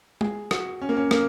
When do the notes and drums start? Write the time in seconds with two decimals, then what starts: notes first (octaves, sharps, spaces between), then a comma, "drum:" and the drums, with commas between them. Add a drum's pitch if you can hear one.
0.21 G#4, drum: tom G#3
0.51 F#4, drum: rim click
0.81 C#4
0.89 A#3
0.97 C#4
1.11 A#3, drum: rim click